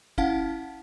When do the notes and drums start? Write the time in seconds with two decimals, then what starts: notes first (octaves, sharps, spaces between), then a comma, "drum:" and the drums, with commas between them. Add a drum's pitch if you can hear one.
0.18 C#4 E4 F5 F#5 A5, drum: kick